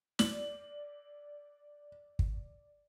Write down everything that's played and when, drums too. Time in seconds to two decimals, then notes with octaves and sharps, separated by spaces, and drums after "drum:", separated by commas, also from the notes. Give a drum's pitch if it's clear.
0.19 D5 F#7, drum: snare
2.19 drum: kick